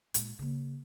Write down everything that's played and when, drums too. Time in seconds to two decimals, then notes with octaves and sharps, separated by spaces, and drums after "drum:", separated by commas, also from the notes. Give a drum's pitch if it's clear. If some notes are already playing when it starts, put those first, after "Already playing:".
0.14 A#2 G#3, drum: hi-hat
0.39 C#3 A#3